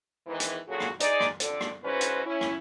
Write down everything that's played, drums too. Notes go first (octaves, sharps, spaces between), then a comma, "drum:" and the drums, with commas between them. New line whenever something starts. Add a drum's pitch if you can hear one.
E2 G#2 D#3 E3
drum: hi-hat
A#2 C#3 F#3 F#4 G#4 A4
drum: rim click
D#4 G#4 D5, drum: hi-hat
drum: rim click
F2 D3 A4 D5, drum: hi-hat
drum: rim click
G#2 E3 C#4 F#4 B4 C5
drum: hi-hat
C#4 E4
drum: rim click